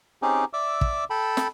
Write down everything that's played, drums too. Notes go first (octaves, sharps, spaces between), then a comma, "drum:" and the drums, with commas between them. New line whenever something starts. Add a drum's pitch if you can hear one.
C4 C#4 D#4 G4 G#4
D5 E5 D6 E6
drum: kick
A4 G5 A5 B5
drum: snare